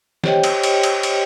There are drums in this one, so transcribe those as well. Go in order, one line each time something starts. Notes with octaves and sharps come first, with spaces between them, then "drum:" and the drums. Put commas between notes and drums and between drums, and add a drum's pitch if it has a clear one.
G4 C5 C#5 D#5 G5, drum: snare
drum: cymbal
drum: cymbal
drum: cymbal
drum: cymbal